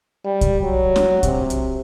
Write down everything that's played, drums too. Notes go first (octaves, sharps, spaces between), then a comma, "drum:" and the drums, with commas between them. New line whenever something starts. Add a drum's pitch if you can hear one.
G3
drum: kick, hi-hat
F#3
drum: snare
C3, drum: kick, hi-hat
drum: hi-hat